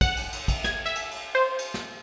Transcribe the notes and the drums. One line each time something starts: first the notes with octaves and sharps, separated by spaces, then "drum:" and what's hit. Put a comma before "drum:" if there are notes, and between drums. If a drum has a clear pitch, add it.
F#5, drum: kick, cymbal
drum: cymbal
drum: cymbal
drum: kick, cymbal
G#6, drum: snare
E5
drum: cymbal
drum: cymbal
C5
drum: cymbal
drum: snare